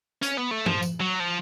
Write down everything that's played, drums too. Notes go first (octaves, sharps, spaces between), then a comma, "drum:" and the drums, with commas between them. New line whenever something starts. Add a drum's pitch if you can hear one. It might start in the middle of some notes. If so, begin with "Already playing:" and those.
C#4, drum: hi-hat
B3
A3
F3, drum: tom G2
drum: tambourine
F#3
F3